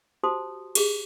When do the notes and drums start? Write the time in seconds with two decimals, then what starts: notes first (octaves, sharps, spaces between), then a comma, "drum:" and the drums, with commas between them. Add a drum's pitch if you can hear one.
0.23 F#4 G4 C5 A5 C6 D#6
0.75 G4 G#4, drum: cymbal